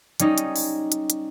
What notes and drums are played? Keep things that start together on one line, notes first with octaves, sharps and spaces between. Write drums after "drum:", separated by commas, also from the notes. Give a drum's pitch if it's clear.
G3 C#4 D#4, drum: hi-hat
drum: hi-hat
drum: open hi-hat
drum: hi-hat
drum: hi-hat